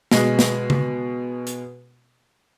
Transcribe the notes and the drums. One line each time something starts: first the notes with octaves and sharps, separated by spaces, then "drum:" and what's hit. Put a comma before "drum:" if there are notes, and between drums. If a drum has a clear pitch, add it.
B2 G#3, drum: snare
drum: snare
drum: tom C#3
drum: hi-hat